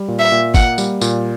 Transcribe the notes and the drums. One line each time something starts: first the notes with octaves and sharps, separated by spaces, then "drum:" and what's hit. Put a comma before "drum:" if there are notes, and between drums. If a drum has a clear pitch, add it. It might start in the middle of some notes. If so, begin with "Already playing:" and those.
Already playing: G3
A#2
E5
A#2
A#3 F#5, drum: kick G#1, tambourine
G3, drum: tambourine
A#2, drum: tambourine